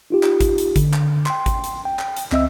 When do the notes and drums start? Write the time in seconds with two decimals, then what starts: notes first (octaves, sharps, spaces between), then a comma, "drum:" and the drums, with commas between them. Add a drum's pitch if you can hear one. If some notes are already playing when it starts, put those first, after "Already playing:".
0.10 D#4 F4 G4
0.23 drum: clap
0.41 drum: kick G#1, hi-hat
0.58 drum: hi-hat
0.76 D3, drum: kick G#1, hi-hat
0.93 drum: clap
1.26 G5 C6, drum: clap
1.46 drum: kick G#1, hi-hat
1.64 drum: hi-hat
1.85 G5
1.99 drum: clap
2.17 drum: hi-hat
2.32 C#2 C4 D#5 E5 E6, drum: clap